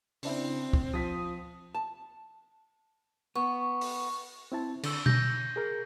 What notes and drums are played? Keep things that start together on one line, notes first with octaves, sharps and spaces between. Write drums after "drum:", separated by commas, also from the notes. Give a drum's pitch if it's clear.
C#3 C4 D4 E4, drum: open hi-hat
drum: kick
F3 D#6 B6
A5
B3 C#6
drum: open hi-hat
C4 E4 A5
D3 E6, drum: cymbal
G6 A#6, drum: tom B2
G#4 A#4